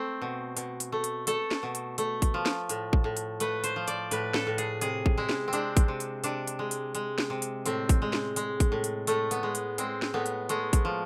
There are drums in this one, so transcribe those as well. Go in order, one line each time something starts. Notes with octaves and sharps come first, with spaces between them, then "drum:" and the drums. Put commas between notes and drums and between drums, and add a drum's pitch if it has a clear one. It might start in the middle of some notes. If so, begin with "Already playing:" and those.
Already playing: A3 C4
B2
B2, drum: hi-hat
drum: hi-hat
A3
drum: hi-hat
A3 A4, drum: hi-hat
drum: snare
B2
drum: hi-hat
A3, drum: hi-hat
drum: kick A1, hi-hat
F3
drum: snare
A2, drum: hi-hat
drum: kick A1
A2
drum: hi-hat
A3 B4, drum: hi-hat
C5, drum: hi-hat
F3
D5, drum: hi-hat
A2 B4, drum: hi-hat
A4, drum: snare
A2
G#4, drum: hi-hat
C3 G#4, drum: hi-hat
drum: kick A1
G#3 E4
drum: snare
C4
G#3 D4, drum: hi-hat
drum: kick A1, hi-hat
C3
drum: hi-hat
C3 D4, drum: hi-hat
drum: hi-hat
G#3
drum: hi-hat
G#3, drum: hi-hat
drum: snare
C3
drum: hi-hat
A2 C4, drum: hi-hat
drum: kick A1, hi-hat
G#3
drum: snare
G#3, drum: hi-hat
drum: kick A1, hi-hat
A2
drum: hi-hat
A2 A3, drum: hi-hat
B3, drum: hi-hat
G#3
drum: hi-hat
G#3 C4, drum: hi-hat
drum: snare
A2 B3
drum: hi-hat
G#3 A3, drum: hi-hat
drum: kick A1, hi-hat
F3